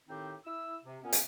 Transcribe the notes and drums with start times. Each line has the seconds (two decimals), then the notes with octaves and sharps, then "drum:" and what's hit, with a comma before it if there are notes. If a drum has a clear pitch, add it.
0.09 A2 D#3 C4 D#4 G4
0.45 E4 E6
0.84 C3
1.03 A#2 B3 C#4
1.13 drum: hi-hat